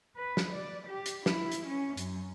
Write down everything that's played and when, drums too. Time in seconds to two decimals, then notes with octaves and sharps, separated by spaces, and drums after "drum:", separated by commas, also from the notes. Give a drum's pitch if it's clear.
0.16 B4
0.37 drum: snare
0.53 D5
0.88 G4
1.06 drum: hi-hat
1.26 E4, drum: snare
1.52 drum: hi-hat
1.67 C#4
1.97 F#2, drum: hi-hat